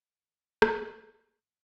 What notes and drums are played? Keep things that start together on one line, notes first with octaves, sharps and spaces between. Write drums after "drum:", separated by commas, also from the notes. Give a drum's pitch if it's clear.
D2
drum: rim click
G#1 E2 G2 D3 F#3 B3